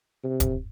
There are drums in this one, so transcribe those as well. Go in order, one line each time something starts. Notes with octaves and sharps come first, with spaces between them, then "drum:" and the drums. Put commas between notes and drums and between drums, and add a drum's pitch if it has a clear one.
C3
drum: kick, hi-hat